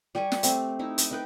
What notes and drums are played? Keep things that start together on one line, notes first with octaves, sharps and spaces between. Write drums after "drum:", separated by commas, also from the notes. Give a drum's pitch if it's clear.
G3 G4 G#5 C#6
drum: snare
A3 C4, drum: hi-hat
D#4 E4
drum: hi-hat
D#4 B4 G5